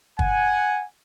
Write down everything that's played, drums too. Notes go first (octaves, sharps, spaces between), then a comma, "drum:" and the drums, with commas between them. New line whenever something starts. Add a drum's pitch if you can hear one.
F#5 G#5, drum: kick